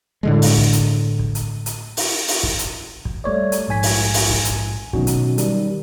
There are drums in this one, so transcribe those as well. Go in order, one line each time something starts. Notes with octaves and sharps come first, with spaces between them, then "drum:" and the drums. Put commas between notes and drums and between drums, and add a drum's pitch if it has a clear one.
A2 D3 G#3
drum: open hi-hat
drum: kick
drum: hi-hat
drum: kick
drum: hi-hat
drum: hi-hat
drum: open hi-hat
drum: open hi-hat
drum: kick
drum: hi-hat
drum: kick
G3 A3 C#5 D5
drum: hi-hat
A#1 G#2 G#5 B6
drum: open hi-hat
drum: open hi-hat
drum: kick
drum: hi-hat
B2 D#3 F#3 C#4 D#4 F#4, drum: kick
drum: hi-hat
D#3 G3, drum: hi-hat